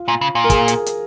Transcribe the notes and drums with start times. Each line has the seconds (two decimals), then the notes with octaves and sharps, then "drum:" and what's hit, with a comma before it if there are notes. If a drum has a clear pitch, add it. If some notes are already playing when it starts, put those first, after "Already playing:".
Already playing: F4
0.08 A#2
0.21 C#3
0.35 A#2
0.44 A#4
0.50 G#4, drum: kick, hi-hat
0.68 drum: hi-hat
0.86 drum: hi-hat